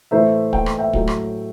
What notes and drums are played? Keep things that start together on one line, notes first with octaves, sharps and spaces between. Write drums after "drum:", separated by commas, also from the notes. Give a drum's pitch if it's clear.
A2 E3 A3 C5 E5
G5, drum: kick
drum: rim click
E5 G5
A2 F#3 A3, drum: kick
drum: rim click